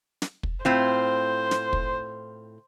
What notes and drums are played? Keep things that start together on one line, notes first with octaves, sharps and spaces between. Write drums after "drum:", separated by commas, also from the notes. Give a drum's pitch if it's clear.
drum: snare
drum: kick
A2 C4 F4 C5
drum: snare
drum: kick